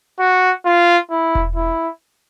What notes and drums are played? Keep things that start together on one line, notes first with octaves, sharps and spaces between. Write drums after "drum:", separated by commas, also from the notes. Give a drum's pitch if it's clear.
F#4
F4
E4
drum: kick E1
E4